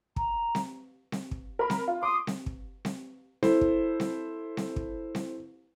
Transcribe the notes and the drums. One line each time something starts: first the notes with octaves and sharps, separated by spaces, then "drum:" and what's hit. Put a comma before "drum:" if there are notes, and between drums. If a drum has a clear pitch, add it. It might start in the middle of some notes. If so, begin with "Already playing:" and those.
A#5, drum: kick
drum: snare C4
drum: snare C4
drum: kick
A#4 B5
drum: snare C4
F4
C6 D6 D#6
drum: snare C4
drum: kick
drum: snare C4
E4 A4 C5, drum: snare C4
drum: kick
drum: snare C4
drum: snare C4
drum: kick
drum: snare C4